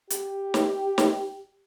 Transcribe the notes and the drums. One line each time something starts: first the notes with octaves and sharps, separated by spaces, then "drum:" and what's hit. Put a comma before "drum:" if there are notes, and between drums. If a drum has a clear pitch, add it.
G4, drum: hi-hat
drum: snare
drum: snare